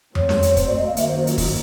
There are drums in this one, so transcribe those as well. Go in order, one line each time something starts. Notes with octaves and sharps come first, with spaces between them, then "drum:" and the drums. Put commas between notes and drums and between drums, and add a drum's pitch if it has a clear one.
F#3 A3 C4 C#5, drum: tom F2
drum: snare
drum: hi-hat
C5, drum: kick, hi-hat
D5
D#5
F5
F#2 D#3 F#3 A#3 E5, drum: hi-hat
C5
F#4
F4, drum: hi-hat
drum: kick, open hi-hat